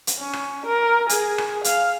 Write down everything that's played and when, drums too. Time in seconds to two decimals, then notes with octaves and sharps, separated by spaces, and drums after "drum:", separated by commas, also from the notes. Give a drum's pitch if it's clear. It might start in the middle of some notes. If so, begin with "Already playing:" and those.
0.07 drum: hi-hat
0.19 C#4
0.33 drum: rim click
0.66 A#4
1.09 G#4, drum: hi-hat
1.38 drum: rim click
1.64 F5, drum: hi-hat